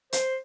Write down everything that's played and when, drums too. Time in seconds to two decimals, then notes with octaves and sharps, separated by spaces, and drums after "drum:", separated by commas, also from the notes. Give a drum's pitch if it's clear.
0.13 C5, drum: hi-hat